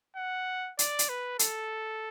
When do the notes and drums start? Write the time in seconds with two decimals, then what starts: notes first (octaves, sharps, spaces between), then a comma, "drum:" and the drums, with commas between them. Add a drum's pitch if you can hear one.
0.16 F#5
0.79 D5, drum: hi-hat
0.99 drum: hi-hat
1.09 B4
1.39 A4, drum: hi-hat